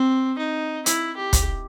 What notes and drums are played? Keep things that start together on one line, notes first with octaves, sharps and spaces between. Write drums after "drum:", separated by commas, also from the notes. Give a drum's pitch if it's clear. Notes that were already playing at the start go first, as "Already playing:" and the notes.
Already playing: C4
D#4
E4, drum: hi-hat
G4
drum: kick, hi-hat